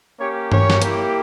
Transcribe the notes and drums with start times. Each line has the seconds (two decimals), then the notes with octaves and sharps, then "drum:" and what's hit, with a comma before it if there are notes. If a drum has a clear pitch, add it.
0.20 A#3 C#4 G4 C#5
0.52 C#5, drum: tom G2
0.70 drum: snare
0.82 A#3 E4 G4, drum: hi-hat